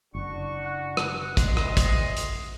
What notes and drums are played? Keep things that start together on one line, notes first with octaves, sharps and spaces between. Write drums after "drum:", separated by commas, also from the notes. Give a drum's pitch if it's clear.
F#1 D4 F#4 C#6
F#5
drum: rim click
D2 D#5 C6, drum: kick, hi-hat
drum: rim click
drum: kick, hi-hat
drum: hi-hat